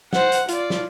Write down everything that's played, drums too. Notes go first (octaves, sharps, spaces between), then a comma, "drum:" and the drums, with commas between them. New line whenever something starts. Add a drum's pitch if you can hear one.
C5 F#5, drum: snare
drum: hi-hat
F4 D5, drum: hi-hat
drum: snare